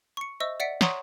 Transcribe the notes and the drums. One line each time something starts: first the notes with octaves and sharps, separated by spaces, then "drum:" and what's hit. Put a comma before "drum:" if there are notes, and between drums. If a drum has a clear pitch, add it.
C#6 C#7
C5 D#5 E5 C#6 E6
D5 E5 F#5 B6 C#7 D7
C#5 F#5 A#5 C6 C#6 D#6, drum: snare